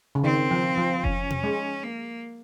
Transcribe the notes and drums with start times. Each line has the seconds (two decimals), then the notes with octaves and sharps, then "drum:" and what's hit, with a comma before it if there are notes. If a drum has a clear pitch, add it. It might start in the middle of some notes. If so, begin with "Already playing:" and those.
0.15 C#3
0.24 D#3 C4
0.51 F3
0.78 F3
1.04 C#4, drum: kick F1
1.30 drum: tom B2
1.43 G#3
1.84 A#3